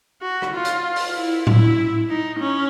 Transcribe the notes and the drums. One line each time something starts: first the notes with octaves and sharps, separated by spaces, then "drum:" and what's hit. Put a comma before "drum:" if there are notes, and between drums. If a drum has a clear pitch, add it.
F#4
drum: rim click
F4
drum: hi-hat
drum: open hi-hat
E4
E4, drum: tom A2
D#4
C#4